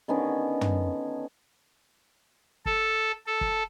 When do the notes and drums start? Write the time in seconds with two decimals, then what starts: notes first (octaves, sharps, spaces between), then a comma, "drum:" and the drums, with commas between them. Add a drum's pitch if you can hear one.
0.08 D3 D#3 B3 C#4
0.61 drum: tom
2.66 A4, drum: kick
3.27 A4
3.41 drum: kick